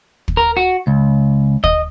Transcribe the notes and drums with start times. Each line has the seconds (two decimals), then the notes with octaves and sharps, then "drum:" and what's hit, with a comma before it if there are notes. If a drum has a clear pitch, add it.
0.28 drum: kick
0.37 A#4
0.57 F#4
0.87 C#2
1.64 D#5, drum: kick